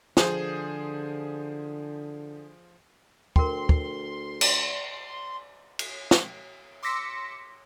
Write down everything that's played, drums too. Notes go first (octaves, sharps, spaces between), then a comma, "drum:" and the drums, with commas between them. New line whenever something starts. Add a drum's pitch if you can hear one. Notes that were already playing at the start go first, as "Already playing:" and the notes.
D3 F3 G#4 C5, drum: snare
D2 A#4 G5 C6, drum: kick
drum: kick
drum: cymbal
drum: cymbal
drum: snare
C6 D6 E6 A#6 B6 C#7